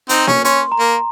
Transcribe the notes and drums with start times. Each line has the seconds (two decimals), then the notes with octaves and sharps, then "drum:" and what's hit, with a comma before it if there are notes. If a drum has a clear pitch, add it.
0.09 C4 D#4, drum: hi-hat
0.27 C#4, drum: snare A#3
0.45 C#4 C6, drum: hi-hat
0.72 A#5
0.79 A#3